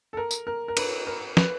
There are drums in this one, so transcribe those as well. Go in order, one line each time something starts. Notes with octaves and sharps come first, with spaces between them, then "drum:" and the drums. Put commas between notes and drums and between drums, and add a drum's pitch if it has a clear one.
A4
A#4
drum: tambourine
A#4
A#4
B4, drum: cymbal
A#4
B4, drum: snare